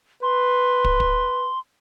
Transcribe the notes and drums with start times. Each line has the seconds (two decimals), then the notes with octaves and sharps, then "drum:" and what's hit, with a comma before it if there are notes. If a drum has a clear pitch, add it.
0.23 B4 C6
0.85 drum: kick
1.00 drum: kick